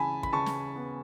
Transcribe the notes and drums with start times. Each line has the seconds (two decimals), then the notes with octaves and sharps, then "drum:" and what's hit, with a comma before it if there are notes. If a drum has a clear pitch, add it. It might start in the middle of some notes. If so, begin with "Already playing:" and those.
Already playing: C#3 E3 G#5 A5 B5
0.23 B5, drum: kick
0.33 C#3 A5 C#6
0.46 drum: snare
0.76 B3